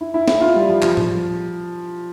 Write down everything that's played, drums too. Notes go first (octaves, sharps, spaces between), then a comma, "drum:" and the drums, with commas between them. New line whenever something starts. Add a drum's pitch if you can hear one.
E4
E4
E4, drum: snare
F4
G3
F3
F3, drum: clap
drum: tom A2